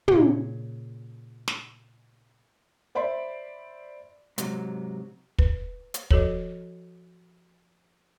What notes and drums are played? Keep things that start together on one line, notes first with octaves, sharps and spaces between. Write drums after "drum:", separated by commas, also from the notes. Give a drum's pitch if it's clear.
A#2 C#3, drum: tom
drum: snare
C5 D5 E5 B5 C6
G#2 C3 F3 F#3, drum: hi-hat
B4, drum: kick
drum: hi-hat
F3 F#4 A4 C#5, drum: kick